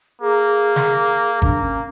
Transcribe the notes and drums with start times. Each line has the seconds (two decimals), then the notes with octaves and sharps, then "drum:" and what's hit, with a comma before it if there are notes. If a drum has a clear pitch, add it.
0.21 A#3 G#4
0.76 drum: snare
1.42 A#3 D4, drum: kick
1.62 C#4